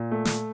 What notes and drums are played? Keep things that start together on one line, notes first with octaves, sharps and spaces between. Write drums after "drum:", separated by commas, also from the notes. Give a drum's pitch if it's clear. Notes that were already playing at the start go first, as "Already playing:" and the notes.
Already playing: A#2
A3
drum: snare